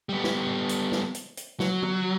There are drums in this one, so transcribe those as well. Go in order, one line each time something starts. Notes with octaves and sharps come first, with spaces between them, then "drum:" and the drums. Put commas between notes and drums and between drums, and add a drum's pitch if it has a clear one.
G3 B3
drum: snare
drum: tom A2
drum: hi-hat
drum: snare
drum: hi-hat
drum: hi-hat
F#3, drum: snare
drum: tom D3